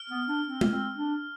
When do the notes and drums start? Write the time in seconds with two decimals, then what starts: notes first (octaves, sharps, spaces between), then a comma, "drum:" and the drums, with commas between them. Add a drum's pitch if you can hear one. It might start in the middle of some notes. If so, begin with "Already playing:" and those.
Already playing: F6
0.10 B3
0.28 D4
0.47 C4
0.61 drum: tom
0.72 C4
0.97 D4